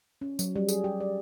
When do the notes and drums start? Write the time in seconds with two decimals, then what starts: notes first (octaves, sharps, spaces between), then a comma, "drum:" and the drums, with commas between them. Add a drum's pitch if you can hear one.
0.21 C#4
0.39 F#3, drum: tambourine
0.56 G3
0.69 G#4, drum: tambourine
0.84 G4
1.00 D5